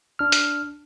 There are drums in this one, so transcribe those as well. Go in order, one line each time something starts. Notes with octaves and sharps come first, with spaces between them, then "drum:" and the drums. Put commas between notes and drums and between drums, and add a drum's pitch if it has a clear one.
D4 F6
drum: hi-hat